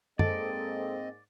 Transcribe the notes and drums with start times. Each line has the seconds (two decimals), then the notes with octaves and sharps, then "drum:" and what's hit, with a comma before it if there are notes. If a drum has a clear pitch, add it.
0.19 G#2 G#3 A#3 C4 A4 D5 D#5, drum: tom F#2